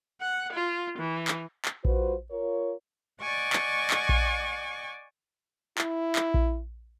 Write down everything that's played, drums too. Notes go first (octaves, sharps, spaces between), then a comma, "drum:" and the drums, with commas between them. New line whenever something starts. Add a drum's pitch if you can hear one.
F#5
F4
E3
drum: clap
drum: clap
G3 F4 F#4 B4 C5, drum: kick A#1
F4 A#4 C#5
D5 D#5 F#5 G#5 C#6 D6
drum: clap
drum: clap
drum: kick A#1
E4, drum: clap
drum: clap
drum: kick A#1